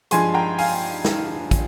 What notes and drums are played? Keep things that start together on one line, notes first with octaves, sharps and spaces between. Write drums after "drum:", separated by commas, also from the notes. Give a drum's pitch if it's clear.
G2 F3 G#3 G#5 C6, drum: hi-hat
G5 A#5
F5 G#5, drum: open hi-hat
drum: snare
drum: kick, hi-hat